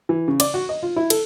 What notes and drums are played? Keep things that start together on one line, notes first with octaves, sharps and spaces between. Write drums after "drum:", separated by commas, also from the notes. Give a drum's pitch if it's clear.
E3
C#3
D5, drum: cymbal
F#4
D#5
F4
E4
A4, drum: cymbal